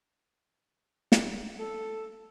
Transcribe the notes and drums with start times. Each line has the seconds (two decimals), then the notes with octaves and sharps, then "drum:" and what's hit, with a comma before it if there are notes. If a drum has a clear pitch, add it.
1.12 drum: snare
1.59 A4